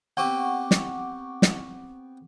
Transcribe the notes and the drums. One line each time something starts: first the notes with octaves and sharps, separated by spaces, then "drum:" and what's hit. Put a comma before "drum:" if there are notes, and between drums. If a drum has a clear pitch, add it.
B3 C4 G4 F#5 C#6 D6
drum: snare
drum: snare